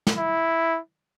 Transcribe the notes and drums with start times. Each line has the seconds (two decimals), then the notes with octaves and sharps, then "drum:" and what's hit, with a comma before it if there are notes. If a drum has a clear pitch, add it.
0.07 drum: snare
0.17 E4